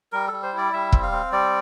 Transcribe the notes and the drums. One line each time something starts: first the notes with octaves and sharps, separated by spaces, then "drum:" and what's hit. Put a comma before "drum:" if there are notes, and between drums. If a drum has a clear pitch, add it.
G3 A#4
G3 A4
C5
E4
D5
G3 E5
C4, drum: kick
F5
C4
G3 D5